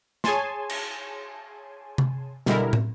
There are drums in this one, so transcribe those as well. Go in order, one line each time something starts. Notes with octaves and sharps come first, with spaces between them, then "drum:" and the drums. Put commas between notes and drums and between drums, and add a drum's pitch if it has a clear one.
G#4 C#5 G#5 A5 C6, drum: snare
drum: cymbal
drum: tom C3
B2 D3 G3 G#3 E4 A#4, drum: snare
drum: tom